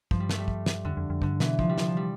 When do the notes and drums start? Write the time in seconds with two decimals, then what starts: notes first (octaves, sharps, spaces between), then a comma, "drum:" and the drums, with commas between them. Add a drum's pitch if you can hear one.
0.11 G2 F3, drum: kick
0.20 G3
0.29 A3, drum: snare
0.38 G3
0.48 drum: kick
0.66 drum: snare
0.85 F2 D3
0.97 F2
1.10 F2
1.22 G2 D3, drum: kick
1.40 B2 E3, drum: snare
1.59 C3 F3, drum: kick
1.69 G3
1.78 F3, drum: snare
1.88 F3
1.97 G3